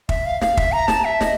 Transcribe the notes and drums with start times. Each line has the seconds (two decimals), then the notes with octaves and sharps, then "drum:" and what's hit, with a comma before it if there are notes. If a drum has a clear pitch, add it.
0.09 E5, drum: kick
0.26 F5
0.41 F5, drum: snare
0.57 E5, drum: kick
0.72 A#5
0.88 A5, drum: snare
1.05 E5
1.21 D#5, drum: snare